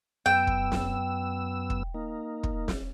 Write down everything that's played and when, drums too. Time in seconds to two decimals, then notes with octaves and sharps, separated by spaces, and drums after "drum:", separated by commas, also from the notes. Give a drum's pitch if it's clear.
0.26 F#2 B3 G5 E6
0.47 drum: kick
0.72 drum: snare
1.70 drum: kick
1.94 A#3 D#4
2.43 drum: kick
2.68 drum: snare